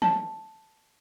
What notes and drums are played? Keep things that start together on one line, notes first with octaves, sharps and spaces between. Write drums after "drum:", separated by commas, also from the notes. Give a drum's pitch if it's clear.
A5, drum: tom